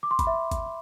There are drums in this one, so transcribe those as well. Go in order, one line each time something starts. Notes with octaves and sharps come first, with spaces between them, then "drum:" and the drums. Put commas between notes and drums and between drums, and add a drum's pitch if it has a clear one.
D6
C6
B5, drum: kick, hi-hat
E5
drum: kick, hi-hat